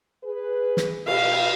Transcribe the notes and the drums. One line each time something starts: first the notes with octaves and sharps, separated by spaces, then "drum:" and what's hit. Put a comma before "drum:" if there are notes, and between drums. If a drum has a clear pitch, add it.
G#4 B4
drum: snare
B2 G4 F5, drum: cymbal